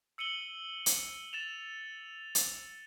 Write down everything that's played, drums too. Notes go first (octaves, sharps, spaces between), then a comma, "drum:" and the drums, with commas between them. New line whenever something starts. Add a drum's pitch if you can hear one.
E6 C#7 D#7 F#7 G7
drum: hi-hat
A6 E7 F7
drum: hi-hat